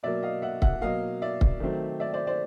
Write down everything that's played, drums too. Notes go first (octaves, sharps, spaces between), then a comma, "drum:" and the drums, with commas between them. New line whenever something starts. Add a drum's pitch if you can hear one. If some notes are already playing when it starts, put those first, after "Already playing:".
B2 F#3 A#3 D5 E5
D#5 F5
E5 F#5
E5 F#5, drum: kick C#1
B2 F#3 A#3 D#5 F5
D5 E5
drum: kick C#1
D#3 F#3 A3 C4
D5 E5
C5 D5
C5 D5